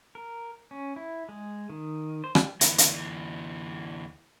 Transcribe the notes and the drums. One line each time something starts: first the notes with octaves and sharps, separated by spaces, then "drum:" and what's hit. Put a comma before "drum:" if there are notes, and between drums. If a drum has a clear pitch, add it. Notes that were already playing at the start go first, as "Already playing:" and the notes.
A#4
C#4
E4
G#3
D#3
C5
G3, drum: rim click
D2 E3, drum: hi-hat
drum: hi-hat